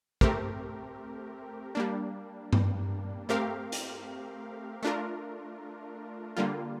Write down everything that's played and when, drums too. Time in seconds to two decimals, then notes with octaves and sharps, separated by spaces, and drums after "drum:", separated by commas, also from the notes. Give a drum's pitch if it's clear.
0.21 A3 C4 G4 A#4, drum: kick
1.75 G3 A#3 D4
2.53 drum: tom G2
3.29 A3 C4 G4 A#4 F5
3.72 drum: hi-hat
4.83 A3 D4 F4 A#4
6.37 D3 G3 A#3 F4